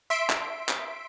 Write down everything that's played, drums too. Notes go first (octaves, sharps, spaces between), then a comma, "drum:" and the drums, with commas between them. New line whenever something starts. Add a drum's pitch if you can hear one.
E5 C6 B6 D7
drum: clap
drum: clap